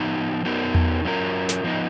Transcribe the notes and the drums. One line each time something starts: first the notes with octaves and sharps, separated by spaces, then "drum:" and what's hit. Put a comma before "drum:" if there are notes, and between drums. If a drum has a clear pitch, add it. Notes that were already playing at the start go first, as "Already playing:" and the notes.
Already playing: F3 B3 D#4
F#3 B3 D#4 A#4
drum: tom E2
F#3 C#4 F4 A#4
drum: snare
F3 B3 D#4